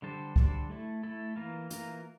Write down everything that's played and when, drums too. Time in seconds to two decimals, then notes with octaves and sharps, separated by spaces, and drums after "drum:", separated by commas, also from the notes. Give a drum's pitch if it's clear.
0.02 D3 G3 D4 A4 C5
0.36 D3 G3 D4 A4 C5, drum: kick C#2
0.70 A3 E4 A4
1.03 A3 E4 A4
1.36 E3 A#3 F4 A#4
1.70 E3 A#3 F4 A#4, drum: hi-hat